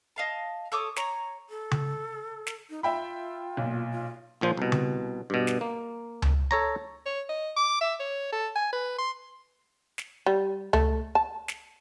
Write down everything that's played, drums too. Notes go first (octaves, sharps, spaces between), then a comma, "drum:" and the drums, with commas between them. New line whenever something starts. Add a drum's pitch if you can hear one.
D#5 F5 A5
A4 C#5 D6 D#6
C#5 A#5, drum: snare
A4
drum: tom C#3
drum: snare
D#4
F4 E5 G5 B5
B1 A#2
F4
A#1 A#2 F3 C5
C2 B2
drum: tom C#3
G2 B2
drum: snare
A#3
drum: tom C#2
A4 C#5 A#5
C#5
D#5
D6
E5
C#5
A4
G#5
B4
C6
drum: snare
G3
A3, drum: tom C#2
A5
drum: snare